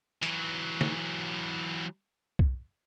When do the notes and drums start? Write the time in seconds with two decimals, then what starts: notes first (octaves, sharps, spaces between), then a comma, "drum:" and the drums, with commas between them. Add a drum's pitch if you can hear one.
0.23 E3 F#3, drum: hi-hat
0.81 drum: snare
2.39 drum: kick B1